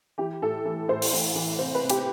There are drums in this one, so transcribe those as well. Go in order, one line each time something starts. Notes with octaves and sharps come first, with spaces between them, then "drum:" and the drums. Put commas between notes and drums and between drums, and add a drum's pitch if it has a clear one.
E3 G4
A2 A4
E3
A2 C5
drum: open hi-hat
E3
E3
C3 C5
B4
C3
G4, drum: hi-hat